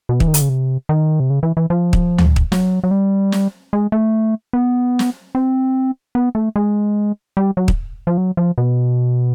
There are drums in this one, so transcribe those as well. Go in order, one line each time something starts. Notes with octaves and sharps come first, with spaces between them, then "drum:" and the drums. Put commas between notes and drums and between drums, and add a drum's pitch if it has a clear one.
B2
E3, drum: kick
D#3
D3, drum: hi-hat
C#3
C3
D#3
C3
C#3
E3
E3
F3
drum: kick
drum: tom D2
drum: kick
F#3, drum: snare
F#3
G3
drum: snare
G#3
A3
B3
drum: snare
C4
B3
A3
G#3
G3
F#3
drum: kick
F3
F#3
F3
B2